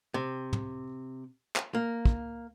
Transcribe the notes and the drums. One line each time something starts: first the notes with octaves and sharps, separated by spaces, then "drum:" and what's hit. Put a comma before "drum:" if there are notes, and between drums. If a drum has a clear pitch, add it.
C3
drum: tom
drum: clap
A#3
drum: kick